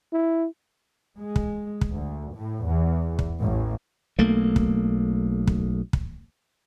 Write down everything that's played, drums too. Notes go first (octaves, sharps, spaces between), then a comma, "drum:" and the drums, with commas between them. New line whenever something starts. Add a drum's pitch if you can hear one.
E4
G#3
drum: kick
drum: kick
D2
A2
E2
drum: kick
A1
B1 A3 A#3
drum: kick
drum: kick
drum: kick